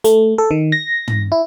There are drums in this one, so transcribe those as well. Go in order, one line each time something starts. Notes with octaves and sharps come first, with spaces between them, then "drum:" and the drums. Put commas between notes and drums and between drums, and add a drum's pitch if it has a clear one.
A3, drum: hi-hat
A4
D#3
A#6
drum: tom
E4